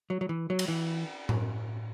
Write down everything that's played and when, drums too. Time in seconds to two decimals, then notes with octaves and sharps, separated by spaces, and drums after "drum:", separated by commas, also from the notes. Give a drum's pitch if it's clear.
0.10 F#3
0.21 F#3
0.29 E3
0.50 F#3
0.59 drum: cymbal
0.68 E3
1.29 drum: tom A2